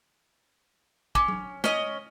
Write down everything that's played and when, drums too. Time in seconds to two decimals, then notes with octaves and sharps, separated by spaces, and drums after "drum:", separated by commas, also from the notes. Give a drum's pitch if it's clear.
1.15 C#4 D6, drum: kick
1.28 drum: tom F#3
1.64 C#4 D#5, drum: snare